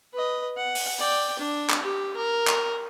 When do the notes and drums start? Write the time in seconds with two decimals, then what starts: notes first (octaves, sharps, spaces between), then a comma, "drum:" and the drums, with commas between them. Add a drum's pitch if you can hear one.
0.14 B4 D#5
0.57 F#5
0.75 drum: open hi-hat
0.99 D5 G5
1.39 D4
1.70 drum: clap
1.83 G4
2.16 A#4
2.47 drum: clap